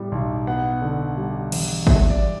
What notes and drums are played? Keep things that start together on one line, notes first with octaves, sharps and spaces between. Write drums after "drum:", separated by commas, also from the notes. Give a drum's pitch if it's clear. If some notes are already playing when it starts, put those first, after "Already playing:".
Already playing: A2 G3 B3
B1
B3 F#5
D3
G3
E2, drum: cymbal
G3 E5, drum: kick G#1
D5